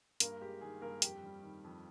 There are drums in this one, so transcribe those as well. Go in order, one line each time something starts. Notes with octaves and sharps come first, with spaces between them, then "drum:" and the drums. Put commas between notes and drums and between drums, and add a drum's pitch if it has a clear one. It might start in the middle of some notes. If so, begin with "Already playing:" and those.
G2 A#3 A#4, drum: hi-hat
G#3 G4
D#3 G#4
G2 A#3 A#4
F2 G4 G5, drum: hi-hat
G3
D#3
F2